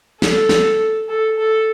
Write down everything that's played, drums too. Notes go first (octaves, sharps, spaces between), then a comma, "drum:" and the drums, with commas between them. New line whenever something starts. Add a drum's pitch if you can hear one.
A4, drum: snare
drum: snare
A4
A4